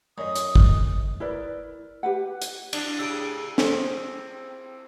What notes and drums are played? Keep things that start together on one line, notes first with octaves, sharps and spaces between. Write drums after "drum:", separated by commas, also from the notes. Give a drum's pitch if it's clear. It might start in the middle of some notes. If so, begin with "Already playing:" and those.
F#2 C#5 D#5 D#6
drum: hi-hat
drum: kick
E4 A#4 B4 D5
G4 B4 F#5
drum: hi-hat
D4, drum: cymbal
A2 C#3 G4 G#4 E6 D7
C4 G#4, drum: snare